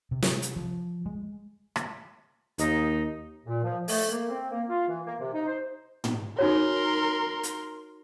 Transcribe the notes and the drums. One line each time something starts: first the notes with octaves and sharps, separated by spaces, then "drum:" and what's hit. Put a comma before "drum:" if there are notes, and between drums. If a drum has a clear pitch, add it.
C3
drum: snare
drum: hi-hat
F3
G#3
drum: rim click
D#2 D#4, drum: hi-hat
A#2
F3
A3, drum: open hi-hat
A#3
C4
A#3
F4
E3
A#3
C3
D#4
C5
drum: tom
D#4 F#4 A#4 C#5 C6
drum: hi-hat